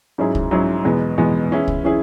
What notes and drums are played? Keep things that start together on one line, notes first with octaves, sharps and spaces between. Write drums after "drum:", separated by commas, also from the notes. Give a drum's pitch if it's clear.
G#2 F#3 C#4 E4 G#4
drum: kick
G#2 F#3 C#4 E4 G#4
E2 B2 G#3 B3
E2 B2 G#3 B3
E3 C#4 E4 G#4
drum: kick
E3 C#4 E4 G#4